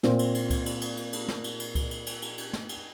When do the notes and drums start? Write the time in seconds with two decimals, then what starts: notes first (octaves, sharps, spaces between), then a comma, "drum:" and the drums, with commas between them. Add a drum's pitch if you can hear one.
0.03 A#2 C4, drum: snare
0.19 drum: cymbal
0.35 drum: cymbal
0.50 drum: kick C#2, cymbal
0.66 drum: cymbal
0.81 drum: cymbal
0.97 drum: cymbal
1.13 drum: cymbal
1.28 drum: snare
1.44 drum: cymbal
1.60 drum: cymbal
1.75 drum: kick C#2, cymbal
1.91 drum: cymbal
2.06 drum: cymbal
2.22 drum: cymbal
2.38 drum: cymbal
2.53 drum: snare
2.69 drum: cymbal